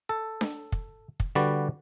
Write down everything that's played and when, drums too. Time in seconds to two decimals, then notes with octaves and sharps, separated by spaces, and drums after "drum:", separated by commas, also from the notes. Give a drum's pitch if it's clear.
0.09 A4
0.41 drum: snare D4
0.72 drum: kick
1.20 drum: kick
1.35 D3 G3 F#4 B4 D5